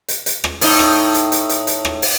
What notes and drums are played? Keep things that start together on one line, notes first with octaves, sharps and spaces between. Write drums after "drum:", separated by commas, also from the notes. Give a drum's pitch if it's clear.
drum: hi-hat
drum: hi-hat
drum: rim click
A2 D#4, drum: open hi-hat
drum: rim click
drum: hi-hat
drum: hi-hat
drum: hi-hat
drum: hi-hat
drum: rim click
drum: open hi-hat